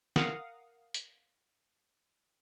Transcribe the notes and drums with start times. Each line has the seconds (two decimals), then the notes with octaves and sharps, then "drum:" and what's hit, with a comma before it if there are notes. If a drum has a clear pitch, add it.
0.16 A#4 F5 F#5 D#6, drum: snare
0.94 drum: hi-hat